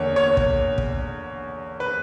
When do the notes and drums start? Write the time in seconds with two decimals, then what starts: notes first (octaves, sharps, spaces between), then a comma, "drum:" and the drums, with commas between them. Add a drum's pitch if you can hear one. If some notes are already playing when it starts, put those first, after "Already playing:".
Already playing: E2 D3 A#3 D4 C#5
0.16 C#5
0.37 drum: kick
0.78 drum: kick
1.80 B4